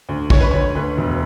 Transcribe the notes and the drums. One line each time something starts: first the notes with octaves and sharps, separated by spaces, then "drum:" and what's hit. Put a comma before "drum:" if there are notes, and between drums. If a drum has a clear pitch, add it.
D2
D2 C#5, drum: kick
B4
D2 C#5
D2 B4
E1